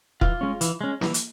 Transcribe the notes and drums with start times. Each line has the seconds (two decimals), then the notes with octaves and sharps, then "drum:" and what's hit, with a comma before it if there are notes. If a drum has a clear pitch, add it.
0.21 E3 F4, drum: kick
0.41 G#3 C#4
0.61 E3, drum: hi-hat
0.81 G#3 C#4
1.01 E3, drum: snare
1.14 drum: hi-hat